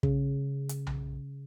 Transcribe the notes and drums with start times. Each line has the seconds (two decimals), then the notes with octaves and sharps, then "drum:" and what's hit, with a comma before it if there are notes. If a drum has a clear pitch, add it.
0.03 C#3, drum: kick
0.69 drum: hi-hat
0.87 drum: tom B1